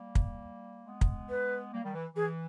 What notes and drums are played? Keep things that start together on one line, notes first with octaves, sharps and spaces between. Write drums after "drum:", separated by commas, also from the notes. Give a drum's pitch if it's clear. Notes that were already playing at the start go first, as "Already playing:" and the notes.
Already playing: G3 A#3
drum: kick
G#3 B3
drum: kick
B4
G3 A#3
D#3 G3
E3
E3 G#4